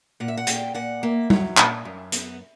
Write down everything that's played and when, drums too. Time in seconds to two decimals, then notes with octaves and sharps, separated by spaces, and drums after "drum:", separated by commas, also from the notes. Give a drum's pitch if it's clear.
0.20 A#2 F#5
0.28 E5
0.37 F#5
0.47 A#2 G5, drum: hi-hat
0.75 A#2 F#5
1.03 A#3 E5
1.30 F#3, drum: tom G3
1.57 A#2, drum: clap
1.85 F#2
2.12 B3, drum: hi-hat